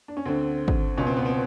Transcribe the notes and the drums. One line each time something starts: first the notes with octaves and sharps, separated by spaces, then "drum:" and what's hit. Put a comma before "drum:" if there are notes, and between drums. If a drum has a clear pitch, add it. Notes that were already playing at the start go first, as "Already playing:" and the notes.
D4
C#4
D2 D3 C4
drum: kick
C#2 B2 C#4
C4
B3
C4